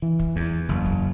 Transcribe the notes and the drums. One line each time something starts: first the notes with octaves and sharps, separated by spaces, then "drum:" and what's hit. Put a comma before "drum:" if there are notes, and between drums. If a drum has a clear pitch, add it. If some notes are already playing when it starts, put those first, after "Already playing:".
E3
drum: kick
E2
F#1
drum: kick